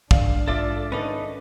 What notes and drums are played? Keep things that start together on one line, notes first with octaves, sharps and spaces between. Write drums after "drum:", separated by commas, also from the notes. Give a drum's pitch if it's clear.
G#2 D4 D5 F5, drum: kick
F4 A4 D5 E5 D6
D#3 C#4 D#4 A4 B4 D5 D#5